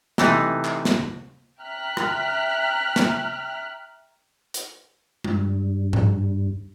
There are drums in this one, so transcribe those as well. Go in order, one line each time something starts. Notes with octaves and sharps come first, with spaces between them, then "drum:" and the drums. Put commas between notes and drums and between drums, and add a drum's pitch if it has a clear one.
C3 E3 A3 D#4, drum: snare
drum: clap
drum: snare
E5 G5 A#5 F6 F#6 B6
drum: rim click
drum: snare
drum: hi-hat
G2, drum: tom G#3
drum: tom G#2